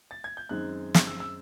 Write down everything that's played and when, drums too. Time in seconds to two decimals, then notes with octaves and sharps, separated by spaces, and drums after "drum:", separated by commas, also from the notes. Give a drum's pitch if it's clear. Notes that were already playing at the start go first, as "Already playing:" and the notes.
0.11 A6
0.24 G#6
0.37 G6
0.49 F#2 D#3 G#3 C4 D#4 F#6
0.94 drum: snare
1.07 E6
1.20 E6